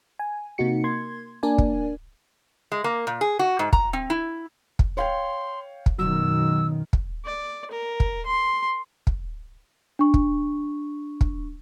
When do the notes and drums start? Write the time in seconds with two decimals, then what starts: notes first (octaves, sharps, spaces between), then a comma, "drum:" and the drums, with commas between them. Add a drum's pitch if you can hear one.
0.19 G#5
0.58 C3 A#3 D#4 F#4 C#7
0.84 A#3 C6 G#6
1.43 A#3 D4 A#4 D5 G#5
1.58 drum: kick
2.72 G#3
2.84 A#3
3.07 A#2
3.21 G#4
3.39 F#4
3.59 G#2
3.73 A#5, drum: kick
3.93 C4
4.10 E4
4.79 drum: kick
4.97 C#5 F5 G5 C6
5.86 drum: kick
5.98 F#2 B2 D#3 F#3 E6
6.93 drum: kick
7.25 D5
7.71 A#4
8.00 drum: kick
8.26 C6
9.07 drum: kick
9.99 D4 C#6
10.14 drum: kick
11.21 drum: kick